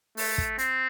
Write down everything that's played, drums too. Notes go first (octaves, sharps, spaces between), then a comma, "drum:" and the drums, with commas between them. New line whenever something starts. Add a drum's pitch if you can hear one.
A3, drum: open hi-hat
drum: kick
C4, drum: hi-hat